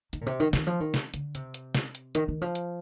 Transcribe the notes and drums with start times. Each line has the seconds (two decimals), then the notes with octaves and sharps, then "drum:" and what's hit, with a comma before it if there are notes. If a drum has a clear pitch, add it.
0.13 D#3, drum: hi-hat
0.21 A#2
0.26 C3
0.40 D#3
0.53 D#3, drum: snare
0.67 F3
0.80 D#3
0.94 drum: snare
1.14 D3, drum: hi-hat
1.35 C3, drum: hi-hat
1.54 drum: hi-hat
1.75 drum: snare
1.95 drum: hi-hat
2.15 D#3, drum: hi-hat
2.28 D#3
2.41 F3
2.55 drum: hi-hat